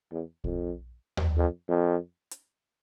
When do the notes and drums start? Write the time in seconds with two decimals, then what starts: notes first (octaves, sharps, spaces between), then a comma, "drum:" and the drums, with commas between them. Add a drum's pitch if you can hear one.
0.12 E2
0.44 F2, drum: kick
1.17 drum: tom D#2
1.37 F2
1.68 F2
2.31 drum: hi-hat